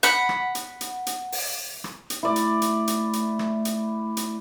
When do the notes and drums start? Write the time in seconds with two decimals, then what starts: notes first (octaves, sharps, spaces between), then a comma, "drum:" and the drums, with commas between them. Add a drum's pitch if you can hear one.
0.03 F#5 B5, drum: hi-hat
0.29 drum: rim click
0.55 drum: hi-hat
0.81 drum: hi-hat
1.07 drum: hi-hat
1.32 drum: open hi-hat
1.84 drum: rim click
2.10 drum: hi-hat
2.23 A3 E4 D5
2.36 drum: hi-hat
2.62 drum: hi-hat
2.87 drum: hi-hat
3.13 drum: hi-hat
3.39 drum: rim click
3.65 drum: hi-hat
4.17 drum: hi-hat